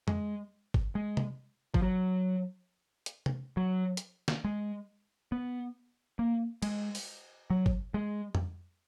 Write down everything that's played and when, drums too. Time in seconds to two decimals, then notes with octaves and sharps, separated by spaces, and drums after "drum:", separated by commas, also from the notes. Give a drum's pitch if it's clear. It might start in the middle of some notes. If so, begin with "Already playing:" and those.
0.08 G#3, drum: tom F2
0.74 drum: kick
0.95 G#3
1.17 drum: tom
1.74 F3, drum: kick
1.82 F#3
3.06 drum: hi-hat
3.26 drum: tom
3.57 F#3
3.97 drum: hi-hat
4.28 drum: snare
4.44 G#3
5.32 B3
6.19 A#3
6.62 G#3, drum: cymbal
6.95 drum: open hi-hat
7.50 F#3
7.66 drum: kick
7.94 G#3
8.35 drum: tom F2